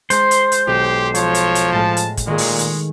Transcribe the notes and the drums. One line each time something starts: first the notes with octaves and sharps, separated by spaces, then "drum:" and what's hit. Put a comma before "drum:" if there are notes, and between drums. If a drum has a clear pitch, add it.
G#3 C5, drum: hi-hat
drum: hi-hat
drum: hi-hat
B1 G4
F3 C#5, drum: hi-hat
drum: hi-hat
drum: hi-hat
A2 G#3 F5 A5
drum: hi-hat
drum: kick, hi-hat
A#2 D#3 G#3 G#4
drum: open hi-hat
drum: hi-hat